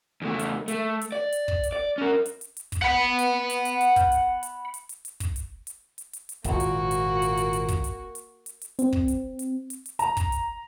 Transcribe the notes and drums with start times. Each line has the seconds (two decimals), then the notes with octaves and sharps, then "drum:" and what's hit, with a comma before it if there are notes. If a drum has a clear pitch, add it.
0.22 E2 A3
0.39 drum: hi-hat
0.68 A3, drum: hi-hat
1.01 drum: hi-hat
1.12 D5
1.32 drum: hi-hat
1.48 drum: kick
1.63 drum: hi-hat
1.72 D5
1.98 C#4 A#4
2.26 drum: hi-hat
2.41 drum: hi-hat
2.57 drum: hi-hat
2.72 drum: kick, hi-hat
2.82 F#5 B5
3.19 drum: hi-hat
3.50 drum: hi-hat
3.65 drum: hi-hat
3.81 drum: hi-hat
3.96 drum: kick, hi-hat
4.12 drum: hi-hat
4.43 drum: hi-hat
4.74 drum: hi-hat
4.89 drum: hi-hat
5.05 drum: hi-hat
5.20 drum: kick, hi-hat
5.36 drum: hi-hat
5.67 drum: hi-hat
5.98 drum: hi-hat
6.13 drum: hi-hat
6.29 drum: hi-hat
6.44 G#1 A#2 F3 A#3 F#4, drum: kick, hi-hat
6.60 drum: hi-hat
6.91 drum: hi-hat
7.22 drum: hi-hat
7.37 drum: hi-hat
7.53 drum: hi-hat
7.68 drum: kick, hi-hat
7.84 drum: hi-hat
8.15 drum: hi-hat
8.46 drum: hi-hat
8.62 drum: hi-hat
8.79 C4, drum: hi-hat
8.93 drum: kick
9.08 drum: hi-hat
9.39 drum: hi-hat
9.70 drum: hi-hat
9.86 drum: hi-hat
9.99 A#5, drum: hi-hat
10.17 drum: kick, hi-hat
10.32 drum: hi-hat